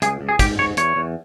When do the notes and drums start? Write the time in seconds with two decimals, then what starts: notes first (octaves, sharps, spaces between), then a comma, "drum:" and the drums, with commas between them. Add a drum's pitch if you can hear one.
0.02 C#2 G#4, drum: hi-hat
0.21 C#2
0.29 G#4
0.39 G#2 G4, drum: kick, hi-hat
0.59 G#2 C#5
0.77 E2 C#5, drum: hi-hat
0.96 E2